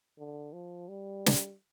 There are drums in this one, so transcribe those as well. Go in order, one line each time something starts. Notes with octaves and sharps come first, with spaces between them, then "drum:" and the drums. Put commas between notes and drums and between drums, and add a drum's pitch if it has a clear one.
D3
F3
G3
drum: snare